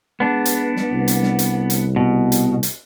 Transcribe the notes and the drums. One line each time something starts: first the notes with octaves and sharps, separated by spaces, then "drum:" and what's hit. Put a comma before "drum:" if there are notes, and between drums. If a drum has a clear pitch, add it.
G#3 B3 D4
drum: hi-hat
drum: snare
C2
drum: hi-hat
drum: snare
drum: hi-hat
drum: hi-hat
B2
drum: hi-hat
drum: hi-hat